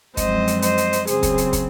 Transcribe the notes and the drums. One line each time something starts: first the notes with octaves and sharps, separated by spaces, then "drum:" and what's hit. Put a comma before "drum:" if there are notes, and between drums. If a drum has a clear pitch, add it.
F#2 F3 G#3 C4 C5 D#5, drum: kick, hi-hat
drum: hi-hat
C5 D#5, drum: hi-hat
drum: hi-hat
drum: hi-hat
C#3 F#3 C4 G#4 C5, drum: hi-hat
drum: kick, hi-hat
drum: hi-hat
drum: kick, hi-hat